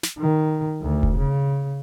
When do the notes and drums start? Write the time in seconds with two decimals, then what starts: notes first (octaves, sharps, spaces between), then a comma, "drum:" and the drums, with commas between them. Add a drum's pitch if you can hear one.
0.03 drum: snare
0.18 D#3
0.82 D2
1.03 drum: kick E1
1.17 C#3